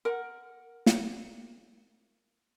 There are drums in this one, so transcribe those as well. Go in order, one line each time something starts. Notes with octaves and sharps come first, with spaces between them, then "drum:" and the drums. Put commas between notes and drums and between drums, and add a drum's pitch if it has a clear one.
A#4 F#5
drum: snare